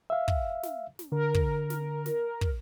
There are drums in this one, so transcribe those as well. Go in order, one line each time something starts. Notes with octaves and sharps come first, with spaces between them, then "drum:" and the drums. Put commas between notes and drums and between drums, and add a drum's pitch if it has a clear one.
E5 F5
drum: kick
drum: snare
drum: snare
D3 A#4
drum: kick
drum: snare
drum: snare
drum: kick